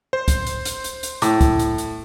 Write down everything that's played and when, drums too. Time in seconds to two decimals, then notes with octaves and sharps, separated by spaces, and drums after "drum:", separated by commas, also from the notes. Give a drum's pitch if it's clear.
0.13 C5
0.28 drum: kick, hi-hat
0.47 drum: hi-hat
0.65 drum: hi-hat
0.84 drum: hi-hat
1.03 drum: hi-hat
1.22 A2, drum: hi-hat
1.41 drum: kick, hi-hat
1.60 drum: hi-hat
1.78 drum: hi-hat